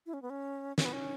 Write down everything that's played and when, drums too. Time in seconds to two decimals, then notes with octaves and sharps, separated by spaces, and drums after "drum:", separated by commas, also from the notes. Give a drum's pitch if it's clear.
0.06 E4
0.13 C#4
0.22 B3
0.30 C#4
0.78 C#4, drum: snare
0.85 B3
0.93 C#4